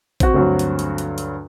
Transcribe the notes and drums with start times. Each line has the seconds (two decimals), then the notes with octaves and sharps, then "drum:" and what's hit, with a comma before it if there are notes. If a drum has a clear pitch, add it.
0.20 C4 F#4, drum: kick A1, hi-hat
0.34 D2 G2 F#3
0.59 drum: hi-hat
0.79 drum: hi-hat
0.98 drum: hi-hat
1.18 drum: hi-hat